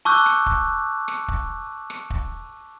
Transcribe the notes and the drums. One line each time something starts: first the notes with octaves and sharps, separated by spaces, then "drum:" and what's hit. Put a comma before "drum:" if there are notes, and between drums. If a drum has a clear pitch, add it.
A5 C#6 D6 E6 F#6 G6
drum: rim click
drum: kick
drum: rim click
drum: kick
drum: rim click
drum: kick